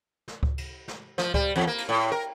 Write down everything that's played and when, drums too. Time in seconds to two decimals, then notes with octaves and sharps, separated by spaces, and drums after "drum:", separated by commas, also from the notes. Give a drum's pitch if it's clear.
0.28 drum: snare
0.43 drum: kick C#2
0.58 drum: cymbal
0.88 drum: snare
1.18 F3, drum: snare
1.34 G3, drum: kick C#2
1.56 E2
1.67 A#3
1.78 drum: cymbal
1.89 A2
2.12 A#4